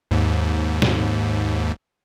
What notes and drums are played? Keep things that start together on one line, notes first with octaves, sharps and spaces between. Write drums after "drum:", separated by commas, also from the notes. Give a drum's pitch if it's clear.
D#2 G#2
drum: snare